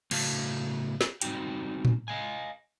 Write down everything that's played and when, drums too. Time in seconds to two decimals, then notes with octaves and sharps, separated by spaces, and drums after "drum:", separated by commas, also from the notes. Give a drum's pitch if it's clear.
0.11 A2 C#3 A3 F#4 F5 A5, drum: cymbal
1.01 drum: snare
1.21 G3 C4 C#4 D#4 F#4 G5, drum: hi-hat
1.85 drum: tom A2
2.08 D#5 F5 G#5